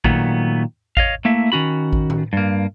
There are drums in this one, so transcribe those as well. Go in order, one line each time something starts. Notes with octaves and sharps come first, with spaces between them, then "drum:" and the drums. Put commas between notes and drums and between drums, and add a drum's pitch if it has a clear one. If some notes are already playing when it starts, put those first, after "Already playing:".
A#2 D#3 F#3 A3 B3, drum: kick A1
C#5 D#5 F5, drum: kick A1
A3 A#3 E4 E5
D#3 C#4 F#4 B5
drum: kick A1
drum: tom A2
G2 A#3